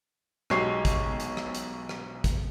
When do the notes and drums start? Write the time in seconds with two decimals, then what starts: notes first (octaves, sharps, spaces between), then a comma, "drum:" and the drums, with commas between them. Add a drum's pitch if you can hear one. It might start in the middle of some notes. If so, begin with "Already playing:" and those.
0.50 B1 B2 G#3 G4 C#5 C7, drum: rim click
0.85 drum: kick, hi-hat
1.20 drum: hi-hat
1.37 drum: rim click
1.55 drum: hi-hat
1.89 drum: rim click
2.24 drum: kick, hi-hat